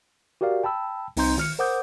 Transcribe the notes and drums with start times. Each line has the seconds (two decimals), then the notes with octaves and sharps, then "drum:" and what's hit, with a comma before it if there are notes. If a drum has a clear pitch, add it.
0.41 F#4 G4 A#4 D5 F5
0.64 G5 A5 B5 E6
1.17 C2 C4 D#4 A#5 C6 G6, drum: open hi-hat
1.38 D#3 F6 C#7, drum: snare
1.59 A#4 C5 F#5 D6 D#6 G6